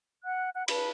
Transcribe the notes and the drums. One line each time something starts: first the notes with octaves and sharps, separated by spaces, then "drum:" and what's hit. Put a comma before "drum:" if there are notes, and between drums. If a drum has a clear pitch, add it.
F#5 F#6
F#5 F#6
B4 A5 B5, drum: cymbal